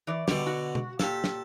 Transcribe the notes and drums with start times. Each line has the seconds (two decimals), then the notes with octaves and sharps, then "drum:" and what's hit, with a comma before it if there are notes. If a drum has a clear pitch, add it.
0.07 E3 D5
0.28 B2 D3 G3, drum: snare
0.47 F#4
0.75 drum: tom B2
0.99 A#2 G4 A4, drum: snare
1.24 drum: snare